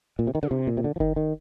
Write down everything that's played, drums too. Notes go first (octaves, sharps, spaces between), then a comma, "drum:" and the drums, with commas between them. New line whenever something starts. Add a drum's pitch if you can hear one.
A#2
C3
D#3
D3, drum: tom
C3
A#2
C3
D3
F3
D#3, drum: kick F#1
D#3